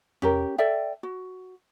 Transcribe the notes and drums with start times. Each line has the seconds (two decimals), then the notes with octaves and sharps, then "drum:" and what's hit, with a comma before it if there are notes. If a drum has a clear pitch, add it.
0.22 C#4 G4 A#4, drum: tom E2
0.58 A4 D5 E5 G5
1.03 F#4